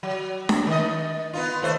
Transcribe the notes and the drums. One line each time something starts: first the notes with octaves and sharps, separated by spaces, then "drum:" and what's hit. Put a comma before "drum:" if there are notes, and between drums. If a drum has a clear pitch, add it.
F#3
drum: snare D4
D#3 D#5
B3 D#4 F4
D#2 A3 C5